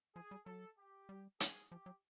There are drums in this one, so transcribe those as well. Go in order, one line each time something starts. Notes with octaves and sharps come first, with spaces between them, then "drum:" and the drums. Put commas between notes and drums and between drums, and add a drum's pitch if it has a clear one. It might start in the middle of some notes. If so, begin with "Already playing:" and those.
F3 G#4
G3
F#3 A4
G4
G3
G#4, drum: hi-hat
F3 G4
F#3